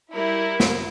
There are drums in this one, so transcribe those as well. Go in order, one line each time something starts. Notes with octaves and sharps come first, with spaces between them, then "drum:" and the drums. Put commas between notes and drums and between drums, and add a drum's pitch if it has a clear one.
G3 E4 A#4
drum: snare